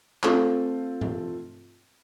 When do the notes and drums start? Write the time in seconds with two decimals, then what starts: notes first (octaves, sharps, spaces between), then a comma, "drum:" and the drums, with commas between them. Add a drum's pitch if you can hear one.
0.23 A3 C4 F4, drum: clap
1.01 drum: tom G2